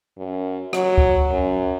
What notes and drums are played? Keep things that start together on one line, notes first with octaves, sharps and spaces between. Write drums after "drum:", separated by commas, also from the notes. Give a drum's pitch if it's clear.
F#2
F#3, drum: rim click
drum: kick C#2
F#2